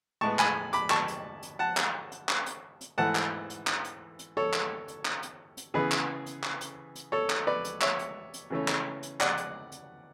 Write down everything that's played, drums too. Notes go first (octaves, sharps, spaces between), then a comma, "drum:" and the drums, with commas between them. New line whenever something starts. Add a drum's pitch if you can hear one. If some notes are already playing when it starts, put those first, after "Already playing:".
A2 G#3 B3 A5 C#6
G#5 B5, drum: clap
B5 D6, drum: hi-hat
A5 C#6, drum: clap
drum: hi-hat
drum: hi-hat
F#5 A5
drum: clap
drum: hi-hat
drum: clap
drum: hi-hat
drum: hi-hat
G#2 E3 A3 F#5 A5
drum: clap
drum: hi-hat
drum: clap
drum: hi-hat
drum: hi-hat
A4 C#5
drum: clap
drum: hi-hat
drum: clap
drum: hi-hat
drum: hi-hat
C#3 E3 B3 G#4 B4
drum: clap
drum: hi-hat
drum: clap
drum: hi-hat
drum: hi-hat
A4 C#5
drum: clap
B4 D5
drum: hi-hat
C#5 E5, drum: clap
drum: hi-hat
drum: hi-hat
C#3 E3 A3 C#4
drum: clap
drum: hi-hat
D5 F#5, drum: clap
drum: hi-hat
drum: hi-hat